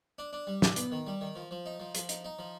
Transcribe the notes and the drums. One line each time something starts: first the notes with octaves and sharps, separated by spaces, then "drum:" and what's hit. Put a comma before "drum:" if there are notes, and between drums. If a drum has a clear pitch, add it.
D4
D4
G3
D4, drum: snare
B3, drum: hi-hat
D#3
G3
D#3
F3
F3
D#4
F3
F3, drum: hi-hat
D#4, drum: hi-hat
D#4
F3